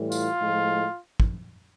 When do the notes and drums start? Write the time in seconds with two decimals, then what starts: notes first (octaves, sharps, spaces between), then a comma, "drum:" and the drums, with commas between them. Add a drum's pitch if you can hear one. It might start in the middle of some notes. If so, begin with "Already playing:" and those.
Already playing: A2 E3 G3
0.12 F4, drum: tambourine
0.39 A2 F3 G#3
1.20 drum: kick